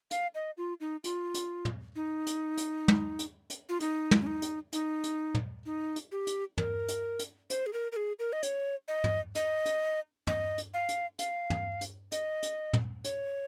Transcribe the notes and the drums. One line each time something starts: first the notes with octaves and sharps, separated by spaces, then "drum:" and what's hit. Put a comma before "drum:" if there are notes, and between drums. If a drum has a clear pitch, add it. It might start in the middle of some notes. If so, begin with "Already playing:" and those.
F5, drum: hi-hat
D#5
F4
D#4
F4, drum: hi-hat
drum: hi-hat
drum: tom
D#4
drum: hi-hat
drum: hi-hat
drum: tom
drum: hi-hat
drum: hi-hat
F4
D#4, drum: hi-hat
drum: tom
C#4
D#4
drum: hi-hat
D#4, drum: hi-hat
drum: hi-hat
drum: tom
D#4
drum: hi-hat
G4
drum: hi-hat
A#4, drum: tom
drum: hi-hat
drum: hi-hat
C5, drum: hi-hat
G#4
A#4
A#4
G#4
A#4
D#5
C#5, drum: hi-hat
D#5
drum: tom
D#5, drum: hi-hat
drum: hi-hat
D#5, drum: tom
drum: hi-hat
F5
drum: hi-hat
F5, drum: hi-hat
drum: tom
drum: hi-hat
D#5, drum: hi-hat
drum: hi-hat
drum: tom
C#5, drum: hi-hat